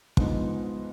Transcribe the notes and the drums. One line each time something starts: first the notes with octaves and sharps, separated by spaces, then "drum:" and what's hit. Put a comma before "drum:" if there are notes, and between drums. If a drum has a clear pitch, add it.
G#2 F3 G#3 B3 D#4, drum: kick